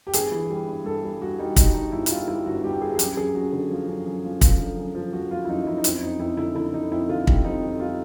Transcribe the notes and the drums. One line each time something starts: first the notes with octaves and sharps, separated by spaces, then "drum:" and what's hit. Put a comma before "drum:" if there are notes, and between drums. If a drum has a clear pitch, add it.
G4
G1 G#4, drum: hi-hat
E3
G3
G2
G2 A4
G3
G2 F#4
G3 D#4
G3 D#4, drum: kick, hi-hat
G2 D#4
G1 E4
E4, drum: hi-hat
G3 F4
G3 E4
G1 F#4
G2 G4
G4
G3 G#4
G#4
F#2 G4, drum: hi-hat
F#2 G#4
F#2 F#4
D3
F3
F#2
F#2
F3
F3, drum: kick, hi-hat
D3
F#2
F3
F3 F#4
F3 F4
E4
F#2 D#4
D#4
F#2 E4
D#4
F2 E4, drum: hi-hat
F2 D#4
F2 E4
D3 E4
D3 E4
D3 D#4
F2 E4
D3 F4
G3, drum: kick
F2 D#4
F2
G3 F4